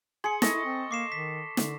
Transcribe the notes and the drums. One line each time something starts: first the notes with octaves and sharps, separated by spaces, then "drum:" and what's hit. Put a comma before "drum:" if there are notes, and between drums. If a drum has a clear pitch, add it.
G#4 C6 C#7
E4 A4 D#5 C#6, drum: snare
C4
A#3 D6 C7 E7
D#3 B6
D3, drum: snare